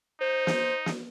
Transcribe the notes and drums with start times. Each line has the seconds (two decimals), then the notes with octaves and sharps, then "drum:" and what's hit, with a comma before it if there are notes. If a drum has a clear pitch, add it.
0.21 D#4 C5
0.47 drum: snare
0.86 drum: snare